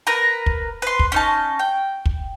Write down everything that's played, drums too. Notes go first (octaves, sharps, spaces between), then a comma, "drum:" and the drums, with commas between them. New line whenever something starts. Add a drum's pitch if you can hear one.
A#4 B4 A#5
drum: kick
B4 C6
drum: kick
C#4 D#4 A5
G5
drum: kick